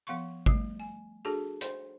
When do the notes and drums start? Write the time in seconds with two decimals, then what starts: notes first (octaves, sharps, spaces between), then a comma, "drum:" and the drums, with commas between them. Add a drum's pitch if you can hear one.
0.07 F3 B3 F5 C6 C#6
0.46 G3 A3, drum: kick G#1
0.80 G#5
1.25 D4 F#4 G#4 A4 A5
1.61 C5 C6, drum: hi-hat